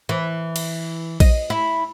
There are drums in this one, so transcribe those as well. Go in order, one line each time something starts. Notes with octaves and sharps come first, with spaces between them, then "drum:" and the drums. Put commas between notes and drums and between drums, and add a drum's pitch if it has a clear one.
E3
drum: cymbal
D#5, drum: kick A#1, cymbal
E4